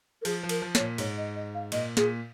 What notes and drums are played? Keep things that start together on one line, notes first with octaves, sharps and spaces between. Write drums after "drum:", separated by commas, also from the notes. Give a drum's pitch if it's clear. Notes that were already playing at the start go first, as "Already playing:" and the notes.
A#4
F3 G#4, drum: cymbal
F3
A#4, drum: cymbal
F3
C#5, drum: snare
A#2
G#2 C#5, drum: cymbal
D#5
D#5
F5
A#2 D#5, drum: cymbal
A#2 G#4, drum: snare